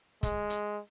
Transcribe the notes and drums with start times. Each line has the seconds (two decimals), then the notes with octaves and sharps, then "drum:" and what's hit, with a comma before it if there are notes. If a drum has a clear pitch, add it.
0.23 G#3, drum: kick, hi-hat
0.50 drum: hi-hat